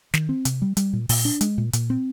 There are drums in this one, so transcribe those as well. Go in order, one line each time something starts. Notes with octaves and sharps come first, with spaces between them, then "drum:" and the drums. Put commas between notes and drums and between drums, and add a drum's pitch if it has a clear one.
D#3, drum: snare
C4
C3, drum: hi-hat
G3
G3, drum: hi-hat
A#2
A#2, drum: open hi-hat
D4
G#3, drum: hi-hat
A#2
A#2, drum: hi-hat
C4